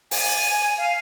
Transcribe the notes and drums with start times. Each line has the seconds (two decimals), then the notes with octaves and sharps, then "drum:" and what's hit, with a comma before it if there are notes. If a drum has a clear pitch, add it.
0.11 G#5, drum: open hi-hat
0.78 F5